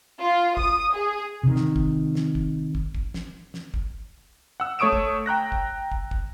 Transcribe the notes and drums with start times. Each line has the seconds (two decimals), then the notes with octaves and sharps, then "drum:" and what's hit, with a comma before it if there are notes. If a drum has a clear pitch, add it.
0.19 F4
0.57 D#6, drum: kick
0.92 G#4
1.43 C3 D#3
1.56 drum: snare
1.76 drum: kick
2.15 drum: snare
2.35 drum: kick
2.75 drum: kick
2.95 drum: kick
3.14 drum: snare
3.54 drum: snare
3.74 drum: kick
4.60 F#5 E6
4.79 A3 C#5 C#6 D#6 D7 E7
4.93 drum: kick
5.26 G5 A#5 F#6 A#6
5.52 drum: kick
5.92 drum: kick
6.11 drum: kick